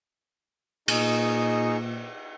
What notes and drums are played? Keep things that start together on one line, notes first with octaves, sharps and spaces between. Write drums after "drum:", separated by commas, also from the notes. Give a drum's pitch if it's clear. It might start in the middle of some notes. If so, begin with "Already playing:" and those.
A#2 D#4 G#4 C#6, drum: cymbal